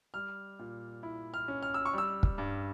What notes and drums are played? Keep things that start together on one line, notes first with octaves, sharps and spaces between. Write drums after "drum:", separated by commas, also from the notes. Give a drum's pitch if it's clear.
G3 F6
A#2
E4
F6
C#4
F6
E6
C#6
G3 E6
drum: kick
G2